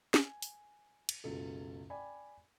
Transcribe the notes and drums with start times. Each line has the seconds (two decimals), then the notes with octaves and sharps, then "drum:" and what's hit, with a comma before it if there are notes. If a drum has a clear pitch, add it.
0.14 G#5, drum: snare
0.42 drum: open hi-hat
1.09 drum: cymbal
1.24 F#1 C#2 B2 A4
1.90 D5 G5 G#5 B5